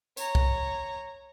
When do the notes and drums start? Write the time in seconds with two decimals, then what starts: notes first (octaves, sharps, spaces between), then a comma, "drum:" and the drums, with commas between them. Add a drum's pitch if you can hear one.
0.17 C#5 A#5, drum: tambourine
0.35 drum: kick C2